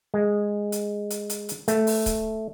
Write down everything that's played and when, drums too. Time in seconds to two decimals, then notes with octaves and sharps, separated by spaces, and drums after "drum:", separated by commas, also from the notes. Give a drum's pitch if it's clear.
0.14 G#3
0.72 drum: hi-hat
1.10 drum: hi-hat
1.30 drum: hi-hat
1.49 drum: hi-hat
1.68 A3, drum: hi-hat
1.87 drum: open hi-hat
2.06 drum: kick C#1, hi-hat